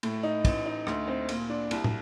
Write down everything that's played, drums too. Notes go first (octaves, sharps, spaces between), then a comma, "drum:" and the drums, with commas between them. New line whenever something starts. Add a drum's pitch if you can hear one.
A2, drum: cymbal
D#4
A1, drum: kick, cymbal
D#4
D2, drum: rim click
C4
A#2, drum: cymbal
D4
C2, drum: cymbal
drum: tom